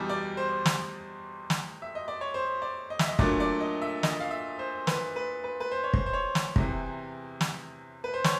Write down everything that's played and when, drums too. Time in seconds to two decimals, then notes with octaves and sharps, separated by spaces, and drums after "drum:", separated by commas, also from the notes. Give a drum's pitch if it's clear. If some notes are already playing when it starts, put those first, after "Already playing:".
Already playing: E2 B2 G3
0.09 D5
0.37 C5
0.66 drum: snare
1.50 drum: snare
1.82 E5
1.95 D#5
2.08 D5
2.21 C#5
2.34 C5
2.62 D5
2.90 D#5
2.99 E5, drum: snare
3.08 D#5
3.19 A#2 F#3 A3 D4 D5, drum: kick
3.40 D5
3.61 D#5
3.82 E5
4.03 D#5, drum: snare
4.20 F5
4.31 E5
4.59 C5
4.87 B4, drum: snare
5.16 B4
5.44 B4
5.60 B4
5.71 C5
5.84 C#5
5.94 C5, drum: kick
6.06 C5
6.13 C#5
6.35 drum: snare
6.56 E2 C3 E3, drum: kick
7.41 drum: snare
8.04 B4
8.14 C5
8.24 C#5, drum: snare